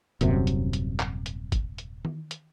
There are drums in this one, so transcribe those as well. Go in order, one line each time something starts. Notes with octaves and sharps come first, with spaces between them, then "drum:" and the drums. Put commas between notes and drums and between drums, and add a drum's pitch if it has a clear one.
D#1 F#2 C3, drum: hi-hat
drum: hi-hat
drum: hi-hat
drum: clap
drum: hi-hat
drum: kick, hi-hat
drum: hi-hat
drum: tom D#3
drum: hi-hat